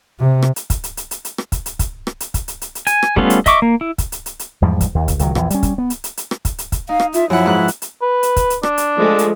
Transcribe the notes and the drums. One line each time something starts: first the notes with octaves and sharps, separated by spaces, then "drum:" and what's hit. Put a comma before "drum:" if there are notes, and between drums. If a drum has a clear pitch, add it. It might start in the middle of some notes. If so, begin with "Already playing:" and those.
C3
drum: rim click
drum: hi-hat
drum: kick, hi-hat
drum: hi-hat
drum: hi-hat
drum: hi-hat
drum: hi-hat
drum: rim click
drum: kick, hi-hat
drum: hi-hat
drum: kick, hi-hat
drum: rim click
drum: hi-hat
drum: kick, hi-hat
drum: hi-hat
drum: hi-hat
drum: hi-hat
G#5, drum: hi-hat
drum: rim click
G3 A3 B3 C#4 F4, drum: kick
drum: hi-hat
D#5 E5 C#6 D6, drum: kick, hi-hat
A#3
E4
drum: kick, hi-hat
drum: hi-hat
drum: hi-hat
drum: hi-hat
E2 G#2 F3 G3
drum: kick, hi-hat
D#2
drum: kick, hi-hat
C#2 D#3 F#3, drum: hi-hat
A#1 E2 E3, drum: rim click
G3 C#4, drum: hi-hat
drum: kick, hi-hat
B3
drum: hi-hat
drum: hi-hat
drum: hi-hat
drum: rim click
drum: kick, hi-hat
drum: hi-hat
drum: kick, hi-hat
D#4 F5
drum: rim click
F4 E5, drum: hi-hat
F#2 F3 E4 F#5
G#2 B4 F#6
drum: hi-hat
drum: hi-hat
B4
drum: hi-hat
drum: kick, hi-hat
drum: hi-hat
D4, drum: rim click
drum: hi-hat
F3 G#3 A3
drum: hi-hat